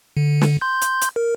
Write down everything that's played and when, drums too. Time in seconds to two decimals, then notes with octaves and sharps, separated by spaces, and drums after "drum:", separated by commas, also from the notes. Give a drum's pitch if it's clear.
0.17 D3
0.41 drum: snare
0.61 C6 G6
0.81 drum: hi-hat
1.01 drum: hi-hat
1.16 A#4